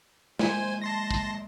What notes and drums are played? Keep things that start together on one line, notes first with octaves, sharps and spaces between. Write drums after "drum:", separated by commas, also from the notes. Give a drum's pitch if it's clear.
G#3 A#3 C5 G#5, drum: snare
A5 C6 A#6
drum: kick